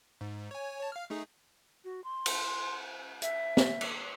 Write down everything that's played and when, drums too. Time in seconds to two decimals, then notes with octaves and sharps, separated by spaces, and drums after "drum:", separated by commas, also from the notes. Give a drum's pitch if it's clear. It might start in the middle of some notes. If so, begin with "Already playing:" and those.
0.21 G#2
0.51 C#5 G#5
0.79 C#5 A5
0.92 F5 F6
1.10 A3 D#4 G#4
1.85 F#4
2.04 C6
2.26 drum: cymbal
3.22 E5, drum: hi-hat
3.57 drum: snare
3.81 drum: cymbal